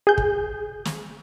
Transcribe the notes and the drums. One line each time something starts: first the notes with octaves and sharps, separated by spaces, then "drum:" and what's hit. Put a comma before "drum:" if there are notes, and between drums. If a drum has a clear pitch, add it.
G#4 G6
drum: kick
drum: snare